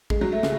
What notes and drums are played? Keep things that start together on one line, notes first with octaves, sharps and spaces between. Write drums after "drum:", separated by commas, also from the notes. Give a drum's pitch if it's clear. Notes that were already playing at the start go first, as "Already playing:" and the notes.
G#3, drum: kick
F#3
A3
C#3, drum: snare